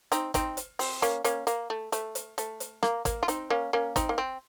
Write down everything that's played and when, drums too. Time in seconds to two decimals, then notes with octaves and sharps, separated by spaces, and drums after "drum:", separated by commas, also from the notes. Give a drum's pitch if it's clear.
0.12 C4 D#4, drum: hi-hat
0.34 C4 D#4, drum: kick, hi-hat
0.57 drum: hi-hat
0.79 C4, drum: open hi-hat
1.02 A#3 C#4, drum: hi-hat
1.24 A#3 C#4, drum: hi-hat
1.47 A#3, drum: hi-hat
1.70 A3
1.92 A3, drum: hi-hat
2.15 drum: hi-hat
2.38 A3, drum: hi-hat
2.60 drum: hi-hat
2.83 A#3, drum: rim click
3.05 A#3, drum: kick, hi-hat
3.23 F4
3.28 C4 D#4, drum: hi-hat
3.50 A#3 C#4
3.73 A#3 C#4
3.96 C4 D#4, drum: kick, hi-hat
4.09 A#3
4.18 C4